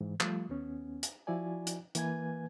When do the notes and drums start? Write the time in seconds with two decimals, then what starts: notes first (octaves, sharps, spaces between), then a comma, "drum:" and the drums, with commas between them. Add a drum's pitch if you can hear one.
0.01 G#2 E3
0.20 F3 G3 A3 F4, drum: clap
0.49 D#2 B3 C#4
1.03 drum: hi-hat
1.27 F3 E4 F#4 D5 G#5
1.67 drum: hi-hat
1.95 E3 A#3 B4 G#5 G#6, drum: hi-hat